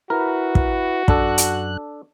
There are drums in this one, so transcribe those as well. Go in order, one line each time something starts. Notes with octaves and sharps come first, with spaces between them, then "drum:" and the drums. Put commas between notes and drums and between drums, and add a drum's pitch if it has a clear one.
E4 F#4 A#4 B4
drum: kick
F#2 D4 A4 F#6, drum: kick
drum: hi-hat